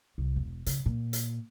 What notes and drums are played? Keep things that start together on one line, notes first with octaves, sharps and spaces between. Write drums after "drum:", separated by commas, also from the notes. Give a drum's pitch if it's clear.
C2
E1
C#3, drum: hi-hat
A#2
drum: hi-hat